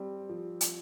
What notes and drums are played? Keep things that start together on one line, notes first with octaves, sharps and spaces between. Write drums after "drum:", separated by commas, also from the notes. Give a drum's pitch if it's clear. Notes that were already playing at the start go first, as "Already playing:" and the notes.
Already playing: G3 C4
F3
drum: hi-hat